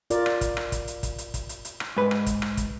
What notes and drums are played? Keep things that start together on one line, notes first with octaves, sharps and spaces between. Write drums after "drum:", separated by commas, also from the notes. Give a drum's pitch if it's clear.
F4 A#4 D5, drum: hi-hat
drum: rim click
drum: kick, hi-hat
drum: rim click
drum: kick, hi-hat
drum: hi-hat
drum: kick, hi-hat
drum: hi-hat
drum: kick, hi-hat
drum: hi-hat
drum: hi-hat
drum: rim click
G#2 B4
drum: rim click
drum: kick, hi-hat
drum: rim click
drum: kick, hi-hat